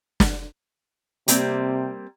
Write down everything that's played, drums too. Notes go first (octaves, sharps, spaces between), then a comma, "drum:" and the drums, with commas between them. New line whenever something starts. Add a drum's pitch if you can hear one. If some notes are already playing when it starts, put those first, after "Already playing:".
drum: snare
C3 G3 A#3 C4, drum: hi-hat